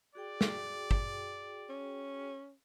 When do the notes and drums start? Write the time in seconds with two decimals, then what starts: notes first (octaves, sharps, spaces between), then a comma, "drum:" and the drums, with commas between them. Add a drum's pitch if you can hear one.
0.15 F#4 G#4 D5 G5
0.41 drum: snare
0.91 drum: kick
1.69 C#4